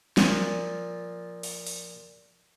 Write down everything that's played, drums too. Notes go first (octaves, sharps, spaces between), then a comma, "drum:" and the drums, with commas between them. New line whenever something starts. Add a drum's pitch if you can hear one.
A#2 F3, drum: snare
drum: open hi-hat
drum: open hi-hat